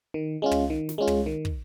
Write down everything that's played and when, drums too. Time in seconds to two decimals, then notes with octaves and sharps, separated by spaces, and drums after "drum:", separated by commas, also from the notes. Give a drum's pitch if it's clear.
0.14 D#3
0.42 G#3 C#4 F4
0.51 drum: tom
0.70 D#3
0.89 drum: snare
0.98 G#3 C#4 F4
1.07 drum: tom
1.26 D#3
1.45 drum: kick